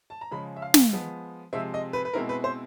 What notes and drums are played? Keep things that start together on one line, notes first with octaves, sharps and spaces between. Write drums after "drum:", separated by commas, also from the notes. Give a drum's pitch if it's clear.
A5
A#5
C#3 F3 G#3 B5
E5
F5
drum: snare
F3 G#3 B3
C3 F3 G#3 C4 E5
D#5
B4
B4
B2 G#3 C4 E4 A#4
B4
C5